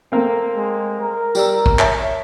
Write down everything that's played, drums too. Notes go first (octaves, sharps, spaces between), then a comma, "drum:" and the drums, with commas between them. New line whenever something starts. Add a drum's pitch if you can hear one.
A3 A#3 C4
G#3
A#4
G3 D5 E6, drum: tambourine
drum: kick
C#5 E5 A5, drum: clap